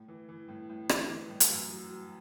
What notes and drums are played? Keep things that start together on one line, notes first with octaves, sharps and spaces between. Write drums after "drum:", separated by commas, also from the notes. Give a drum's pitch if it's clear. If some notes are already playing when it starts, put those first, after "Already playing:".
Already playing: A2
E3
E3
A2
A2
E3, drum: rim click
E3
A2
drum: hi-hat
F#2
F#3
F#3